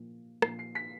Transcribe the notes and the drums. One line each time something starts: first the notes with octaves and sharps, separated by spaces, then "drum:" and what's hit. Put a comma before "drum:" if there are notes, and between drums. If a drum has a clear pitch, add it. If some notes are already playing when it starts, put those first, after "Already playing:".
Already playing: A#2 F3 A#3
A#2 F3 A#3 C7, drum: rim click
C7
B6